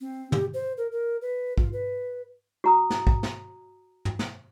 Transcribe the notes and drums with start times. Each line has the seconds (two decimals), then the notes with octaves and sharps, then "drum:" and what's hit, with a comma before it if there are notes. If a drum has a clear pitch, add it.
0.01 C4
0.32 G4, drum: tom
0.54 C5
0.77 A#4
0.92 A#4
1.22 B4
1.58 F4, drum: kick
1.73 B4
2.64 F#4 A#5 D#6
2.90 drum: snare
3.07 drum: kick
3.23 drum: snare
4.05 drum: tom
4.19 drum: snare